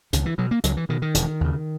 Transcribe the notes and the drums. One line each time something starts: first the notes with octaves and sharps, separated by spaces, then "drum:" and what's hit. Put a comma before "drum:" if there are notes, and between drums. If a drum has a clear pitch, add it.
C#2 D#3, drum: hi-hat
E3
B2 F#3
A#3
C#2 F#3, drum: hi-hat
E3
B2 D#3
D#3
E1, drum: hi-hat
D#2 C#3